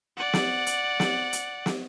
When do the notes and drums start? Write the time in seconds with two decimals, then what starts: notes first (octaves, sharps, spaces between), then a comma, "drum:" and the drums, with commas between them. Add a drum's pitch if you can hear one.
0.17 D5 F#5
0.33 drum: snare
0.67 drum: hi-hat
1.00 drum: snare
1.33 drum: hi-hat
1.66 drum: snare